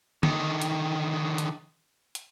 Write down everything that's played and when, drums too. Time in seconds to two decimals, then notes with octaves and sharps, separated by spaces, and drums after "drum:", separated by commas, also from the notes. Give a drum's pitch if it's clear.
0.23 D3 D#3, drum: tom
0.62 drum: hi-hat
1.38 drum: hi-hat
2.15 drum: hi-hat